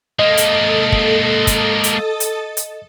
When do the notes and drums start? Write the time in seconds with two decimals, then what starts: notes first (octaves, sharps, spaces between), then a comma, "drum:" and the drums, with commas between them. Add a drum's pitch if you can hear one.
0.19 G#3 A#3 A4 D#5 D#6 A6
0.37 drum: hi-hat
0.92 drum: kick
1.47 drum: kick, hi-hat
1.84 drum: hi-hat
2.20 drum: hi-hat
2.57 drum: hi-hat